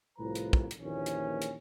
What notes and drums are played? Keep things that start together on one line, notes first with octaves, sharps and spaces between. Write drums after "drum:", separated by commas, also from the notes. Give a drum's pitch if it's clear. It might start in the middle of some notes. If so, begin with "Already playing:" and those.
C2 A2 F3 B4 A#5
drum: hi-hat
drum: kick
drum: hi-hat
A#1 D#2 E3 C#4
drum: hi-hat
drum: hi-hat